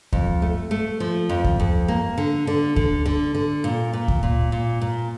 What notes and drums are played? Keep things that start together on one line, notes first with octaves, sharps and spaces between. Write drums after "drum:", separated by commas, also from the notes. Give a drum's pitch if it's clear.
F2, drum: kick D2
A3
A3
F3
F2
drum: kick D2
F2
A#3
D3
D3
D3, drum: kick D2
D3
D3
A#2
A#2
drum: kick D2
A#2
A#2
A#2